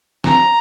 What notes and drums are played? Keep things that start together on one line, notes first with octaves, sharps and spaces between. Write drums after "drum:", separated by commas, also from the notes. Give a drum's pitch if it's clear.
A#5, drum: snare